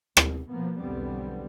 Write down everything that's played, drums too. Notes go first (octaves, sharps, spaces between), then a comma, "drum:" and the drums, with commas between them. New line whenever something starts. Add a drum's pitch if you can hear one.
B2, drum: rim click
B2 F3 A#3 B3
B1 E2 D3 G3 B3 C4